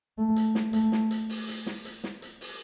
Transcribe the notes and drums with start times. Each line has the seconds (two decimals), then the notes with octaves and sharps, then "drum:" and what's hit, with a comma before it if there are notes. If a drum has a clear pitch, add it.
0.18 A3
0.36 drum: hi-hat
0.55 drum: snare
0.73 A3, drum: hi-hat
0.92 drum: snare
1.11 drum: hi-hat
1.29 drum: open hi-hat
1.48 drum: hi-hat
1.66 drum: snare
1.85 drum: hi-hat
2.04 drum: snare
2.22 drum: hi-hat
2.41 drum: open hi-hat